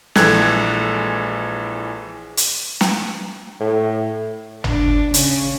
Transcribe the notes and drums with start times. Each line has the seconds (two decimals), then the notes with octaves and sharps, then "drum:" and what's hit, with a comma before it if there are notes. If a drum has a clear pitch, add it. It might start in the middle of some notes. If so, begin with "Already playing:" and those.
0.15 A#1 E3 G#3 A4 F#6 G#6, drum: snare
2.37 drum: hi-hat
2.81 drum: snare
3.60 A2
4.64 D4, drum: tom
5.14 C#3, drum: hi-hat